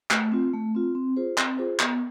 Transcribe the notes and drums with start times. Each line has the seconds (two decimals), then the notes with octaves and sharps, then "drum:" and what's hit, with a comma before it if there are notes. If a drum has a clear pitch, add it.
0.11 A3, drum: clap
0.32 C4 F4
0.54 A3
0.75 C4 F4
0.95 C4
1.16 F4 G#4 C5
1.38 C4, drum: clap
1.58 F4 G#4 C5
1.80 B3, drum: clap